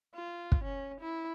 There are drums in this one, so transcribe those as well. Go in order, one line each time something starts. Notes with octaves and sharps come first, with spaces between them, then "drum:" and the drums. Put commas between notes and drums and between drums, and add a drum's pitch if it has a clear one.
F4
drum: kick
C#4
E4